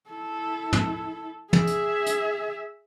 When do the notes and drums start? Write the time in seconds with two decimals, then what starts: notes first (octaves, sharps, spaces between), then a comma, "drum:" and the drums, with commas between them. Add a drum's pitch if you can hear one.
0.10 E4 A4
0.73 drum: tom
1.53 G#4 E5, drum: tom
1.67 drum: hi-hat
2.06 drum: hi-hat